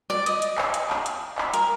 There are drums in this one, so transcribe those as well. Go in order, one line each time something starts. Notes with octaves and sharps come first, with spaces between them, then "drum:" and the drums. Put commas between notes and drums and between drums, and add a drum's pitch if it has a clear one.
D5
D#5, drum: hi-hat
drum: hi-hat
drum: clap
drum: hi-hat
drum: clap
drum: hi-hat
drum: clap
A#4, drum: hi-hat